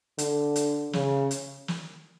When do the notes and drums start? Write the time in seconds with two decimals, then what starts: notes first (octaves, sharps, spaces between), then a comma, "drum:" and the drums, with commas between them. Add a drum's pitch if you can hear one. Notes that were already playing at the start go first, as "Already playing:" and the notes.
0.18 D3, drum: hi-hat
0.56 drum: hi-hat
0.93 C#3, drum: snare
1.31 drum: hi-hat
1.68 drum: snare